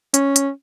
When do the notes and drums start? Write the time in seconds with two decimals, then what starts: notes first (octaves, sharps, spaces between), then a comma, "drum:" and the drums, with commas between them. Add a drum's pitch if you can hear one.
0.14 C#4, drum: hi-hat
0.36 drum: hi-hat